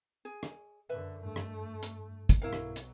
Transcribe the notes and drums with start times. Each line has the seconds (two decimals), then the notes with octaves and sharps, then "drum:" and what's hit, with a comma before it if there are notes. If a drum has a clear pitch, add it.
0.25 G#4
0.43 drum: rim click
0.89 F#2 D3 B4 E5
1.25 G2 A3
1.36 drum: rim click
1.83 drum: hi-hat
2.29 drum: kick, hi-hat
2.42 B1 F#3 E4 A#4 F5
2.53 drum: rim click
2.76 drum: hi-hat